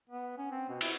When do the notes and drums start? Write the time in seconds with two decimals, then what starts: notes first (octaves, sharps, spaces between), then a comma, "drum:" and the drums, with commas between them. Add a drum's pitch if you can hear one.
0.10 B3
0.38 C#4
0.51 C4
0.69 B2
0.81 E4, drum: cymbal